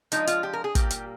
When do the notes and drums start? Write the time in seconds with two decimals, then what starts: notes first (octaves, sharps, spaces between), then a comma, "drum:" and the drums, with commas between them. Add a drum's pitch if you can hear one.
0.12 F3 G#3 D4 D#4, drum: hi-hat
0.27 F4, drum: hi-hat
0.43 G4
0.53 A#4
0.64 G#4
0.75 A#2 G3 A#3 G4, drum: kick, hi-hat
0.90 drum: hi-hat